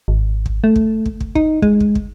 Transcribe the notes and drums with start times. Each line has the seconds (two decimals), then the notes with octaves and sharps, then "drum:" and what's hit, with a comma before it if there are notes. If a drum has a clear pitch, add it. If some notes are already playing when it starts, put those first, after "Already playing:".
0.08 G#1
0.46 drum: kick
0.64 A3
0.76 drum: kick
1.06 drum: kick
1.20 drum: kick
1.35 D#4, drum: kick
1.62 G#3, drum: kick
1.80 drum: kick
1.95 drum: kick